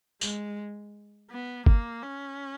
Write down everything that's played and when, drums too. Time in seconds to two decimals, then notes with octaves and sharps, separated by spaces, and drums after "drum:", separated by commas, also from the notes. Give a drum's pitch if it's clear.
0.21 G#3, drum: tambourine
1.31 B3
1.66 A#3, drum: kick
2.02 C#4